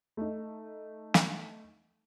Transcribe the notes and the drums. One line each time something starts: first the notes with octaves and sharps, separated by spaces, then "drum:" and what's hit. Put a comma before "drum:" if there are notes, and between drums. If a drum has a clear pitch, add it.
A3 D#4
drum: snare